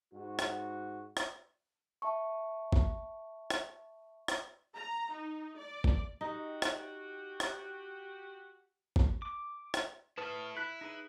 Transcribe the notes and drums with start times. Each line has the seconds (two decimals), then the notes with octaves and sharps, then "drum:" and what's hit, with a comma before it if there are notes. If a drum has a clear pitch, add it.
0.14 G#2 F#4
0.39 drum: rim click
1.17 drum: rim click
2.02 E5 A5 C#6
2.73 drum: kick
3.50 drum: rim click
4.28 drum: rim click
4.75 A#5
5.12 D#4
5.57 D5
5.84 drum: kick
6.21 D#4 F#4 G4
6.62 drum: rim click
7.40 drum: rim click
8.96 drum: kick
9.22 D6
9.74 drum: rim click
10.18 E4 A4 B4 A5 D#6 F6
10.57 E4 B5 F#6 B6
10.81 D#4 G#4 B4